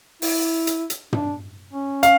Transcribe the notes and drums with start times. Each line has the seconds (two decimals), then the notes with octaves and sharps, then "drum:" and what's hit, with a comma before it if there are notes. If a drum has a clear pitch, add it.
0.22 E4, drum: open hi-hat
0.67 drum: hi-hat
0.90 drum: hi-hat
1.13 D4, drum: tom
1.73 C#4
2.03 F5, drum: hi-hat